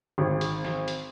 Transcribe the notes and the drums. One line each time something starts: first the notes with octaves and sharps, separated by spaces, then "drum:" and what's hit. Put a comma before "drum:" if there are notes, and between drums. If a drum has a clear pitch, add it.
G#1
drum: hi-hat
drum: snare
drum: hi-hat